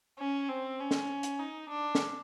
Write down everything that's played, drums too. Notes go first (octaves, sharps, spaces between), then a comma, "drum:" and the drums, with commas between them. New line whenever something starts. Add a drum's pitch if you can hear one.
C#4
C4
C#4
drum: snare
drum: hi-hat
D#4
D4
drum: snare